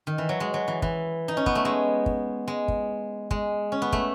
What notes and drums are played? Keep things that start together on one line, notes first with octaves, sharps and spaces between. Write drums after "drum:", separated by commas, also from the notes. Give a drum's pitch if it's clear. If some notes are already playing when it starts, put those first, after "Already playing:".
D#3
E3
F#3
G#3
F#3
E3
E3, drum: kick
D#4
C#4
B3, drum: kick
A3
G#3
drum: kick
G#3
drum: kick
G#3, drum: kick
C#4
B3
A3, drum: kick